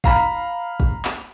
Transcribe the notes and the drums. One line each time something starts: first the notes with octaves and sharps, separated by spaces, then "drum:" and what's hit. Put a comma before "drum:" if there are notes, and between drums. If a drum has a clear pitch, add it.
F5 A#5 B5, drum: kick
drum: kick
drum: clap